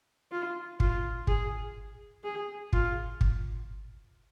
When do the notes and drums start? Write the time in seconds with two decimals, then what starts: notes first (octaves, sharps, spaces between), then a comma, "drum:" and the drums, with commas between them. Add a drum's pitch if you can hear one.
0.31 F4
0.80 F4, drum: kick
1.27 G#4, drum: kick
2.24 G#4
2.73 F4, drum: kick
3.21 drum: kick